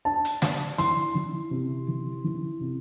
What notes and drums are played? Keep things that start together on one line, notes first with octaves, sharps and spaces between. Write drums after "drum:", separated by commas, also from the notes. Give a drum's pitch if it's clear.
D4 A5
drum: hi-hat
D4, drum: snare
E3 C6, drum: hi-hat
E3
C3
E3
E3
C3